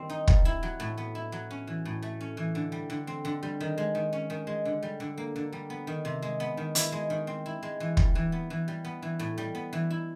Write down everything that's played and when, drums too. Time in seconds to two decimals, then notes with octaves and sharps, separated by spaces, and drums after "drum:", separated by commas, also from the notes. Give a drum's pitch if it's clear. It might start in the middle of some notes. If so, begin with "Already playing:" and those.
Already playing: D#3 G3 C4
0.10 D#4
0.28 G3, drum: kick
0.45 E4
0.63 F#3
0.80 A2
0.98 B3
1.15 E4
1.32 F#3
1.51 C#4
1.67 E3
1.85 A2
2.02 A3
2.21 C#4
2.37 E3
2.55 D3
2.72 G3
2.90 D3
3.07 C4
3.25 D3
3.43 G3
3.60 D#3
3.78 G#3
3.95 D#3
4.13 C#4
4.30 D#3
4.47 G#3
4.65 D3
4.83 G3
5.00 D3
5.18 A#3
5.36 D3
5.53 G3
5.70 B3
5.87 D#3
6.05 C3
6.22 G#3
6.40 B3
6.57 D#3
6.75 E4, drum: hi-hat
6.92 G#3
7.10 D#3
7.27 C4
7.46 E4
7.63 G#3
7.80 E3
7.97 G3, drum: kick
8.15 E3
8.32 B3
8.50 E3
8.68 G3
8.85 B3
9.02 E3
9.19 A2
9.38 G3
9.55 B3
9.73 E3
9.90 E4